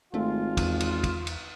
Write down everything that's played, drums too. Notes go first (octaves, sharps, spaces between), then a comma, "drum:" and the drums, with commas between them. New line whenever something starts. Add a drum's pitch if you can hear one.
G#1 A3 F4
E2, drum: kick, cymbal
drum: cymbal
drum: kick, cymbal
drum: cymbal